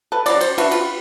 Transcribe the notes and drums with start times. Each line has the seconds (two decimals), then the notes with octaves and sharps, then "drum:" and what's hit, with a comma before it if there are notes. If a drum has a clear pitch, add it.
0.12 A4 B4
0.26 F#3 G3 D5, drum: cymbal
0.41 C5, drum: cymbal
0.58 D4 F#4 B4 E5, drum: cymbal
0.71 F4 B4, drum: cymbal